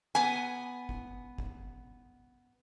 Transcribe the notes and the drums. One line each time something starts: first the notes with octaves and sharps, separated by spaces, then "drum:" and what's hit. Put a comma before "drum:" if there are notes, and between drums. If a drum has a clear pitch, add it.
B3 G#5
drum: kick
drum: kick